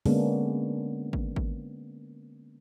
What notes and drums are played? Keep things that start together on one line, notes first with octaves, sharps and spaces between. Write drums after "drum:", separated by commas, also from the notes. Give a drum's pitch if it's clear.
D3 G#3 A#3 B3 C#4 D4, drum: open hi-hat
drum: kick G#1
drum: kick G#1